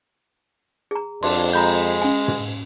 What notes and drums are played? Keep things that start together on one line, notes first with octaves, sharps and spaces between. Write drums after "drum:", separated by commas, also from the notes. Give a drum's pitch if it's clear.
G#4 A#5
F2 D4 C6, drum: cymbal
G#3 A#5 B5 G6
C#4 F5 G#5
drum: tom